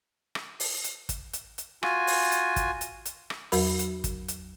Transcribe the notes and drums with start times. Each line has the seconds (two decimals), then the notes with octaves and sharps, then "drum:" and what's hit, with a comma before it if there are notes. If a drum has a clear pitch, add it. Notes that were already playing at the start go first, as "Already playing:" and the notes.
0.35 drum: rim click
0.60 drum: open hi-hat
0.84 drum: hi-hat
1.09 drum: kick, hi-hat
1.33 drum: hi-hat
1.58 drum: hi-hat
1.83 F4 F#4 G#5, drum: rim click
2.07 drum: open hi-hat
2.32 drum: hi-hat
2.56 drum: kick, hi-hat
2.81 drum: hi-hat
3.06 drum: hi-hat
3.30 drum: rim click
3.52 E2 F#3 F#4 A#4 B5, drum: open hi-hat
3.79 drum: hi-hat
4.04 drum: kick, hi-hat
4.28 drum: hi-hat